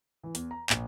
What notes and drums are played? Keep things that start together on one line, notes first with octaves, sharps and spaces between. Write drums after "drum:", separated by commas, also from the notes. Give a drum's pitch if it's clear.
E3
E2, drum: hi-hat
A#5
A#1, drum: clap